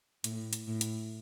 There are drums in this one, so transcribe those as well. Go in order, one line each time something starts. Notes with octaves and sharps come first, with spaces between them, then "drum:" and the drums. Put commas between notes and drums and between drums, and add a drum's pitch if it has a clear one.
A2, drum: hi-hat
drum: hi-hat
A2
drum: hi-hat